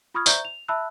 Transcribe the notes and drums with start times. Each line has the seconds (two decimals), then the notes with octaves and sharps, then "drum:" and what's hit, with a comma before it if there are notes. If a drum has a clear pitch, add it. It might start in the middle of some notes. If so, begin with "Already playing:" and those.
0.14 F4 B5 C#6 D#6 F6 G#6
0.26 C5 D5 E5 A#5 C#6 G6, drum: tambourine
0.45 F7
0.68 E5 A5 B5 E6 F#6